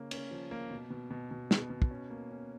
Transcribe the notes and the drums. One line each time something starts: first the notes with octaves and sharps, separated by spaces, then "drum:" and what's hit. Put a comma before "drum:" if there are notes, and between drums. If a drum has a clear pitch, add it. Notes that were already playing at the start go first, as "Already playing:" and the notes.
Already playing: C#3 A#3 C#4
C#4, drum: cymbal
F3
A#3
B2
B2
B2
B2
B2, drum: snare
B2
drum: kick
C#4
A#3
C#4